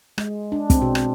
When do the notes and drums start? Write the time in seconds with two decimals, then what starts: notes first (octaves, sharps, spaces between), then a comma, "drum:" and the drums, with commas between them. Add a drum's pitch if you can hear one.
0.18 G#3, drum: rim click
0.52 D4
0.70 C4, drum: kick, hi-hat
0.82 B2
0.95 drum: rim click